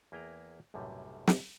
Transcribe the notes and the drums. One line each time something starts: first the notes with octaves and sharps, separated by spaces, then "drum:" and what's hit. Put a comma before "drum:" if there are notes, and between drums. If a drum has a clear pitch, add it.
E2 A#3 E4 G#4 G5 A#5
B1 F#2 A2 C3 G3
drum: snare